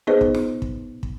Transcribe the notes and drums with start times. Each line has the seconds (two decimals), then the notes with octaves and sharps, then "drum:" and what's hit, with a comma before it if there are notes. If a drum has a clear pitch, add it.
0.07 B3 D#4 G#4 B4 C5 D#5
0.21 drum: kick
0.35 drum: snare
0.62 drum: kick
1.03 drum: kick